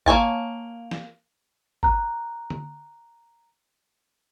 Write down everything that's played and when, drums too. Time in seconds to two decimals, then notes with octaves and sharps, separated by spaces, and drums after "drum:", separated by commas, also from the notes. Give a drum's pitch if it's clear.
0.06 A#3 C#5 G#5 A5, drum: kick G#1
0.91 drum: snare
1.83 A#5 F#6, drum: kick G#1
2.50 drum: tom